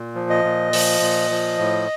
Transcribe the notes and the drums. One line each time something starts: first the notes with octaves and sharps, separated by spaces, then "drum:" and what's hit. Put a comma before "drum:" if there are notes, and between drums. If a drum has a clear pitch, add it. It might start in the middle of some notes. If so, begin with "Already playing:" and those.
Already playing: A#2
F3
D#5
A#2
F3, drum: open hi-hat
A#2
F3
A2